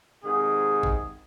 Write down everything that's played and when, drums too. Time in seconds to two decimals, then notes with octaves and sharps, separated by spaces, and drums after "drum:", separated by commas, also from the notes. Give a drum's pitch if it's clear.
0.24 G#2 C3 D#3 G#4
0.83 drum: kick